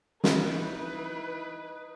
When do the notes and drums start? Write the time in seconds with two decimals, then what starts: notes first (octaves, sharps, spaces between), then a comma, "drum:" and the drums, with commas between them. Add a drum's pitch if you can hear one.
0.24 E3 D#4 B4, drum: snare